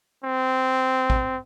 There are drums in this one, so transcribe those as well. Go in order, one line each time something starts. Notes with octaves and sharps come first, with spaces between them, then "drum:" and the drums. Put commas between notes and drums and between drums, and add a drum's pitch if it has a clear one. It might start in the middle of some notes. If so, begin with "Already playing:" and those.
C4
drum: kick